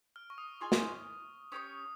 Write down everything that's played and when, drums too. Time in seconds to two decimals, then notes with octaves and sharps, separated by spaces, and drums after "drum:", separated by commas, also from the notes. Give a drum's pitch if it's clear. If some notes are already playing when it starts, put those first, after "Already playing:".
0.16 F6
0.30 C#6
0.38 D#6
0.61 F4 G#4 D#5 G#5 C#6
0.72 drum: snare
1.52 C#4 G4 A#4 C#5 D#6